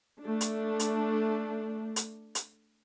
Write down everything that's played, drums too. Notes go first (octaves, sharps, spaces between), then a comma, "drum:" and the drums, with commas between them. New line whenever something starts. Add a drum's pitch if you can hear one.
A3 D4
drum: hi-hat
drum: hi-hat
drum: hi-hat
drum: hi-hat